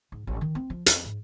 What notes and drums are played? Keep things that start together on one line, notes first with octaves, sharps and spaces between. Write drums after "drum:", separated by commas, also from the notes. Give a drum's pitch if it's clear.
G#2
A1
D#3
C4
F3
F2, drum: hi-hat
G#2